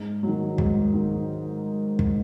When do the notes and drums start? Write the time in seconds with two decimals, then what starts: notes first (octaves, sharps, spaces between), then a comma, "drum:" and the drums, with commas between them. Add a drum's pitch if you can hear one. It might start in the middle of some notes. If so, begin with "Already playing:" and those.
Already playing: G#2
0.23 D#3 F#3
0.58 G#2, drum: kick
0.93 D#3 F#3
1.99 drum: kick